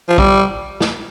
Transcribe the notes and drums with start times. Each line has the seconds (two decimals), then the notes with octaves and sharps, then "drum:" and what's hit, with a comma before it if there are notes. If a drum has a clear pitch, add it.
0.09 F3
0.18 G3, drum: kick
0.80 drum: snare